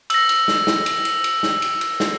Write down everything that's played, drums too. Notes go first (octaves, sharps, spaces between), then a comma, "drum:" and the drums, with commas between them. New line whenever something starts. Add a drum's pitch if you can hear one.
E6 A#6, drum: cymbal
drum: cymbal
drum: snare
drum: snare
drum: cymbal
drum: cymbal
drum: cymbal
drum: snare
drum: cymbal
drum: cymbal
drum: snare